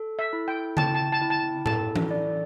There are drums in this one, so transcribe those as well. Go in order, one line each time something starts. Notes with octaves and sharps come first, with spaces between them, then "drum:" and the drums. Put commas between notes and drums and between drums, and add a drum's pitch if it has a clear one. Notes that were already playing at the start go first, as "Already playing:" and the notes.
Already playing: A4
E5
E4
G5
G5 A5, drum: tom C#3
A5
A5
E4
A5
A4 A5, drum: tom A2
drum: tom E3
D5